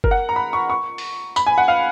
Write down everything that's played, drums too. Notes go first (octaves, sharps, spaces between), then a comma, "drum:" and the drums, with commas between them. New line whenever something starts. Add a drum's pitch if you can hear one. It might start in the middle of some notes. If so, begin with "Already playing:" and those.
A#4, drum: kick F#1
F#5
A#5
B5
C#6
C#6
drum: open hi-hat
B5, drum: tambourine
G#5
F#5
F5